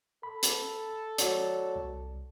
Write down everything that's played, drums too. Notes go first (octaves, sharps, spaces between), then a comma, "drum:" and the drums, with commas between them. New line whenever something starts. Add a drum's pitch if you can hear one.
A4 B5
drum: hi-hat
F#4 C#5 D5, drum: hi-hat
C2